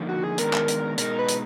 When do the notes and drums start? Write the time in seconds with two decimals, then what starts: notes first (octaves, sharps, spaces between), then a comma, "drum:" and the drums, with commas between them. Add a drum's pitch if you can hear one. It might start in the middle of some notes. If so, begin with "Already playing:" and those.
Already playing: D3 F3 A#3 D#4
0.09 F#4
0.24 G#4
0.38 D#3 G#3 B3 D4 A#4, drum: hi-hat
0.53 drum: clap
0.68 drum: hi-hat
0.98 B2 G#3 D#4 A#4, drum: hi-hat
1.19 B4
1.29 drum: hi-hat